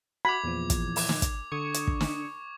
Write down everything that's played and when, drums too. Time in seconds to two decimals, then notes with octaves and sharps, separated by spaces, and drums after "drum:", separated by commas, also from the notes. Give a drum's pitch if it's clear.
0.25 F#4 B5 D6 G#6
0.44 E2 A#2 F3
0.70 drum: kick, hi-hat
0.96 drum: open hi-hat
1.09 drum: snare
1.22 drum: kick, hi-hat
1.52 D3 C#6 D#6 G#6 C#7
1.74 drum: hi-hat
1.87 drum: kick
2.01 drum: snare